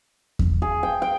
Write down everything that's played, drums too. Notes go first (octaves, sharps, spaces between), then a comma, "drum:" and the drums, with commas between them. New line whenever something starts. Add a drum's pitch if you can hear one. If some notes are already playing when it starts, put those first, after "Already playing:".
drum: kick E2
G#4
G5
G5